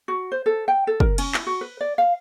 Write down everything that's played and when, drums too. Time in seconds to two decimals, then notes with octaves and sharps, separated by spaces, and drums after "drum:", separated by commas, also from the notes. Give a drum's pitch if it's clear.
0.08 F#4
0.32 C5
0.46 A4
0.68 G5
0.87 A4
1.00 A#4, drum: kick
1.18 C#4, drum: cymbal
1.34 E4, drum: clap
1.46 F#4
1.61 B4
1.81 D5
1.98 F5